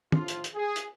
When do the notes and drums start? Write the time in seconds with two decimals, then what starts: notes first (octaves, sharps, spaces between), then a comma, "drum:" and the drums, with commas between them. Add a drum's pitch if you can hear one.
0.12 A2 F3 F4, drum: tom
0.28 drum: hi-hat
0.44 drum: hi-hat
0.54 G#4
0.76 drum: hi-hat